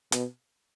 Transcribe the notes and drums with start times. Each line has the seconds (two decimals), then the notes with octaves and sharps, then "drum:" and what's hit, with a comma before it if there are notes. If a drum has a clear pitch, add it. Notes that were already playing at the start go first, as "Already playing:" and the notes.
0.12 B2, drum: hi-hat